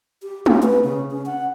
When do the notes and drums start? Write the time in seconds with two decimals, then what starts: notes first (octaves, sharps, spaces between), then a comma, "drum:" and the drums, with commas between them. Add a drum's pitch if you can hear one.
0.22 G4
0.46 C#4, drum: tom
0.63 B4
0.84 C#3
1.11 C#4
1.26 F#5